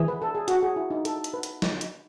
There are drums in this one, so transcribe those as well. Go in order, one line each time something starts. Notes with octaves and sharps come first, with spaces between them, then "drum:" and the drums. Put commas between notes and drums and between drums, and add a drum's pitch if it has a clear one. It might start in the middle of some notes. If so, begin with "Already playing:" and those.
Already playing: E3 G#4
B4
A4
G#4
F#4, drum: hi-hat
G#4
E4
D#4
A4, drum: hi-hat
drum: hi-hat
B4
drum: hi-hat
drum: snare
drum: hi-hat